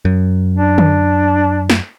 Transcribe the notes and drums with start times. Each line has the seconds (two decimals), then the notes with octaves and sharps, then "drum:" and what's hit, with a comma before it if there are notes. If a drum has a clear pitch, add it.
0.05 F#2
0.57 D4
0.78 drum: tom D3
1.70 drum: snare